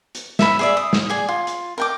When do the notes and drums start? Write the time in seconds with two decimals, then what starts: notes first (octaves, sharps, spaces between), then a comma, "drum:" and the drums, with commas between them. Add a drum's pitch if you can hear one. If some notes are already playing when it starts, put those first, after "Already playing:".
0.15 drum: hi-hat
0.39 E5 B5, drum: snare
0.59 G#4 D5 E5
0.77 D#6
0.93 drum: snare
1.09 G#4 D5 G#5
1.29 F4
1.47 drum: hi-hat
1.78 A#4 G5 D6